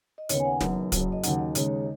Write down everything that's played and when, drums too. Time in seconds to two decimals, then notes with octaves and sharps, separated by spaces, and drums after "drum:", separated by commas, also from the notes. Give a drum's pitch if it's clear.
0.18 D#5
0.29 D#2 C#3 B3 C#5, drum: hi-hat
0.40 G#5
0.45 F#5
0.61 F#1 F#2 D#3 B3, drum: snare
0.92 F#1 F#2 F#3, drum: kick, hi-hat
1.12 D#5
1.24 D#2 C#3 F#3 D#4 F#5, drum: hi-hat
1.39 D#5
1.55 D#2 C#3 G#3 D#4 C#5, drum: hi-hat